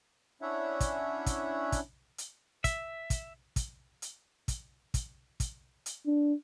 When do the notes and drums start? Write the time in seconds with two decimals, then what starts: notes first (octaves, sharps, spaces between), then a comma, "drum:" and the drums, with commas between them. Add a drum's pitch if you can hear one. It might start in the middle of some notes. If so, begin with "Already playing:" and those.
0.42 C#4 D4 E4 C#5 E5 F#5
0.80 drum: kick, hi-hat
1.26 drum: kick, hi-hat
1.72 drum: kick, hi-hat
2.18 drum: hi-hat
2.64 E5, drum: kick, hi-hat
3.10 drum: kick, hi-hat
3.56 drum: kick, hi-hat
4.02 drum: hi-hat
4.48 drum: kick, hi-hat
4.94 drum: kick, hi-hat
5.40 drum: kick, hi-hat
5.86 drum: hi-hat
6.07 D4